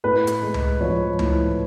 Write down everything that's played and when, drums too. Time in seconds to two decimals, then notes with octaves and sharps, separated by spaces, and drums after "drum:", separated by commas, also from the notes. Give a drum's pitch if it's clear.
0.04 A2 B4
0.27 drum: hi-hat
0.42 G#3
0.54 drum: tom C#2
0.81 F3 C#5
1.19 A2, drum: tom C#2